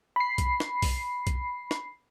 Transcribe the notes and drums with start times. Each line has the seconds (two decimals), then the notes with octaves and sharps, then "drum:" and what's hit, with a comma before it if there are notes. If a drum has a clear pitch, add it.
0.16 B5 C7
0.38 drum: kick B1, hi-hat
0.60 drum: snare
0.82 drum: kick B1, open hi-hat
1.27 drum: kick B1, hi-hat
1.71 drum: snare